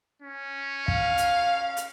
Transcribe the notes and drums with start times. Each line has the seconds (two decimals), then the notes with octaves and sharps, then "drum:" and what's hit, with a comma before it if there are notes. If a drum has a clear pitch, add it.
0.22 C#4
0.88 F5, drum: kick
1.18 drum: hi-hat
1.77 drum: hi-hat